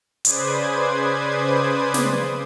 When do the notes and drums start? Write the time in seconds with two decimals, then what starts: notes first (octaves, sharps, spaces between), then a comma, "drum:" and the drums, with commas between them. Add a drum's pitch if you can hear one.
0.25 C#3 B4 C5 D5 D#6 G#6, drum: hi-hat
1.94 drum: snare